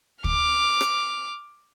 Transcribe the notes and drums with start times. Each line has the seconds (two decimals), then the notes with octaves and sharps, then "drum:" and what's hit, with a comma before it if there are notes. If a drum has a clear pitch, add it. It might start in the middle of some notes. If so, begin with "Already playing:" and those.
0.24 D6 F6, drum: kick
0.81 drum: rim click